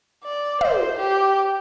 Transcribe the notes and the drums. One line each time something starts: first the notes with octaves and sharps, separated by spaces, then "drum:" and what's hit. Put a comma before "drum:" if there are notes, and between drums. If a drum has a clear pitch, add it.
D5
C5, drum: tom
G4